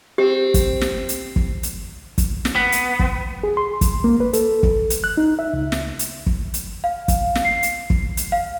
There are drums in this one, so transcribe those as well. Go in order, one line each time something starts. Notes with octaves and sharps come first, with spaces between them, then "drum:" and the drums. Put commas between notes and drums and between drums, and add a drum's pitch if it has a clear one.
C4 G4
drum: kick, hi-hat
drum: snare
drum: hi-hat
drum: kick
drum: hi-hat
drum: kick, hi-hat
drum: snare
B3
drum: hi-hat
drum: kick
G#4
C6
drum: kick, hi-hat
A#3
B4
A4, drum: hi-hat
drum: kick
drum: hi-hat
F#6
D#4
E5
C#2
drum: snare
drum: hi-hat
drum: kick
drum: hi-hat
F5
drum: kick, hi-hat
drum: snare
C7
drum: hi-hat
drum: kick
drum: hi-hat
F5